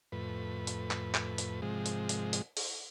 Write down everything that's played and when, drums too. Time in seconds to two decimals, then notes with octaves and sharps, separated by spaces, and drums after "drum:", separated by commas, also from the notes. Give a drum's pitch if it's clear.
0.12 F2 A2 B4
0.67 drum: hi-hat
0.91 drum: clap
1.15 drum: clap
1.38 drum: hi-hat
1.62 G#2 C3 F3 G#3
1.86 drum: hi-hat
2.09 drum: hi-hat
2.33 drum: hi-hat
2.57 drum: open hi-hat